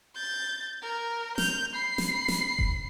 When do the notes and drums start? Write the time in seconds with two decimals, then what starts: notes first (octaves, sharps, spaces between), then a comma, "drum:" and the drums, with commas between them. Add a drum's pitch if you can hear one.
0.15 G6 A6
0.82 A#4
1.38 G6 F7, drum: snare
1.75 B5 C7
1.98 drum: snare
2.28 drum: snare
2.59 drum: kick F1